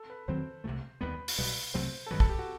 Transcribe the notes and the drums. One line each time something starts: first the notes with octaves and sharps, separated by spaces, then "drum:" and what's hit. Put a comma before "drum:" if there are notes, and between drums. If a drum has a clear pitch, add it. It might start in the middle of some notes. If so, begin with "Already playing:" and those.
Already playing: A4
B4
E2 D#3 F#3 C4 C5
C2 C3 E3 A3
D#2 D#3 G3 B3 B4
drum: open hi-hat
B1 B2 G3 B4
C2 C3 F#3 A3 C5
A4
G2 D#3 F#3 B4
A4, drum: kick
G4
F#4